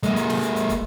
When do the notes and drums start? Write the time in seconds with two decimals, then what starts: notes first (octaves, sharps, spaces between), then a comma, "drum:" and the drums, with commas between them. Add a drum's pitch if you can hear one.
0.03 G#3 A#3, drum: hi-hat
0.16 drum: hi-hat
0.30 drum: snare
0.43 drum: hi-hat
0.56 drum: hi-hat
0.69 drum: kick, hi-hat